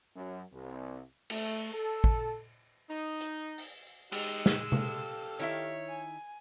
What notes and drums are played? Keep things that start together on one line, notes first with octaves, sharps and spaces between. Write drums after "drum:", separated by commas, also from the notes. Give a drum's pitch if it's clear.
F#2
C2
A3, drum: cymbal
A4
drum: kick
D#4
drum: hi-hat
drum: open hi-hat
G#3 D#4 G4 E6, drum: cymbal
drum: snare
G4 A4 F5, drum: tom C3
D#3 E4 C#5 E5
G#5